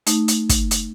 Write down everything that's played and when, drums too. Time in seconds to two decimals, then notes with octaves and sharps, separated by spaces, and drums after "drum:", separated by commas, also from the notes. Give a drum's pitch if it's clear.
0.06 A3 D#4, drum: hi-hat
0.28 drum: hi-hat
0.49 drum: kick, hi-hat
0.71 drum: hi-hat